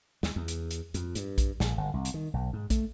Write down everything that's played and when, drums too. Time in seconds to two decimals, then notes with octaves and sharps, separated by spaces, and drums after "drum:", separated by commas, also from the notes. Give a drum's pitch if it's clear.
0.23 D#2, drum: snare
0.36 E2
0.48 drum: hi-hat
0.71 drum: hi-hat
0.94 F2, drum: hi-hat
1.15 G2, drum: hi-hat
1.38 drum: kick A#1, hi-hat
1.60 A#1, drum: snare
1.78 G1
1.94 C2
2.05 drum: hi-hat
2.14 D#3
2.34 B1
2.53 G#2
2.70 A3, drum: kick A#1, hi-hat